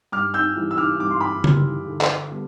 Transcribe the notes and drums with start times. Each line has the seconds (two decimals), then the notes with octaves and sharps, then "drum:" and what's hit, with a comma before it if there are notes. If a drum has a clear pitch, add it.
0.12 G2 D6 F6
0.34 E6 G6
0.56 E3 G3
0.71 E6
0.78 D6 F6
1.00 G2 D6
1.10 C6
1.21 B5 D6
1.44 E3 G3, drum: tom C#3
1.87 D3
2.01 drum: clap
2.31 G3 B3 D4